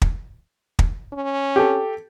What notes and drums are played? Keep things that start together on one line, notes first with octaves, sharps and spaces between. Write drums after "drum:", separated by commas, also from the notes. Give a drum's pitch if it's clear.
drum: kick
drum: kick
C#4
G4 A4